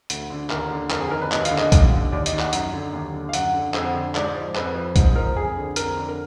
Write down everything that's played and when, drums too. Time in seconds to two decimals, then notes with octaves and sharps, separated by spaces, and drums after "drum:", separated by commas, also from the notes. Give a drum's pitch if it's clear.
0.10 D2, drum: hi-hat
0.30 D3
0.50 D#2 A#4, drum: clap
0.71 D3
0.90 F2 A#4, drum: clap
1.01 G#4
1.11 D#3 A#4
1.22 B4
1.32 D#2 D#5, drum: clap
1.45 F5, drum: hi-hat
1.51 D3
1.58 D#5, drum: clap
1.72 D#2, drum: kick B1, hi-hat
1.91 D3
2.12 D#2 D5
2.26 D#5, drum: hi-hat
2.33 D#3
2.39 F#5, drum: clap
2.53 F#2, drum: hi-hat
2.74 D3
2.93 D#2
3.14 D3
3.29 F5
3.33 F#2 F#5, drum: hi-hat
3.54 D3
3.74 F2 F#5, drum: clap
3.94 D3
4.15 G#2 D5, drum: clap
4.35 F3
4.55 F2 B4, drum: clap
4.75 F3
4.96 G#2, drum: kick B1, hi-hat
5.16 F3 A#4
5.36 F2 G#4
5.57 D3
5.76 F2 A#4, drum: hi-hat
5.97 D3
6.08 A#4